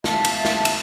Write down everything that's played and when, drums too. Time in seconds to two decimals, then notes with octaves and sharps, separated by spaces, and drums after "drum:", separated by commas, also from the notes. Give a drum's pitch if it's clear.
0.04 E5 F5 A5, drum: snare
0.25 drum: cymbal
0.45 drum: snare
0.65 drum: cymbal